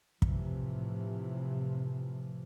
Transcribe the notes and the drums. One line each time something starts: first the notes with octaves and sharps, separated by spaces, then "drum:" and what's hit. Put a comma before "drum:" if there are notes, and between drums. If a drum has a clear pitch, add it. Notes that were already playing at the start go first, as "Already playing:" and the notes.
A2 C3 E3 F3, drum: kick